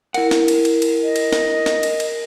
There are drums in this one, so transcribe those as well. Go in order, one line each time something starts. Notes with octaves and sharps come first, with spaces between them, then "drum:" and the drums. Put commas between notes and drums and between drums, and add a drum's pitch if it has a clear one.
E4 A#4 F#5, drum: cymbal
drum: snare
drum: cymbal
drum: cymbal
drum: cymbal
D#5
drum: cymbal
drum: snare
drum: snare
drum: cymbal
drum: cymbal